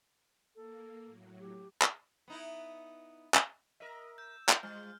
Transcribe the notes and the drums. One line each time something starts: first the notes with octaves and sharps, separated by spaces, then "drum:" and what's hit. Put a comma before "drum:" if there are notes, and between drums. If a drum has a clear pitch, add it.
A#3 A4
A2 F#3
G4
drum: clap
B3 D#4 E4
drum: clap
A#4 D#5 E5
E6 G6
drum: clap
G3 G#3 F4 C5 F6